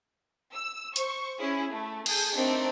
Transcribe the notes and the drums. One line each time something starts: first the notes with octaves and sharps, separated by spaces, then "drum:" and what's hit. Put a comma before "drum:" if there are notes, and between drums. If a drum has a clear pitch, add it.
E6
C5 C#6, drum: hi-hat
C#4 E4 G#4
A3
G#4 A4 G6, drum: cymbal
A3 C4 D4 D#4 A#4